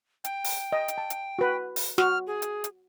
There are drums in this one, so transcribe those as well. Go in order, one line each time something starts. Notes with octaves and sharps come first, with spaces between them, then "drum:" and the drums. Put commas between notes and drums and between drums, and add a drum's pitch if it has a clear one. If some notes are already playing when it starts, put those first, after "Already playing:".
G5, drum: hi-hat
drum: open hi-hat
D#5
drum: hi-hat
A5
drum: hi-hat
F#4 B4
drum: open hi-hat
F#4 F6, drum: snare
G#4
drum: hi-hat
drum: hi-hat